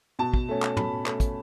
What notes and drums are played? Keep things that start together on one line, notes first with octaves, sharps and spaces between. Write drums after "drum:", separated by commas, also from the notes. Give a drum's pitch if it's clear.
B2 A5
drum: kick
A3 C#4
drum: clap
B2 B5, drum: tom
A3 C#4, drum: clap
drum: kick, hi-hat